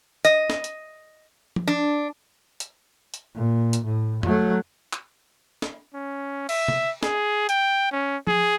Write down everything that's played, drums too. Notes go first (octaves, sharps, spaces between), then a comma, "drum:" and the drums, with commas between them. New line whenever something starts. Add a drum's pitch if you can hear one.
D#5, drum: hi-hat
drum: snare
drum: hi-hat
drum: tom F3
D4
drum: hi-hat
drum: hi-hat
A#2
drum: hi-hat
A2
F#3 A3, drum: tom F2
drum: clap
drum: snare
C#4
E5, drum: cymbal
drum: tom
G#4, drum: snare
G5, drum: hi-hat
C#4
G#4, drum: tom F3